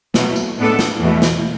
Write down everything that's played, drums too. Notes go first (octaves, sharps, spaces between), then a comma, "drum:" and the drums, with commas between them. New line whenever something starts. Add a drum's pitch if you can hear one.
B2 F#3 A3, drum: snare
drum: tambourine
A2 G#3 B3 D4 A4
drum: snare
E2 B2 A3
drum: snare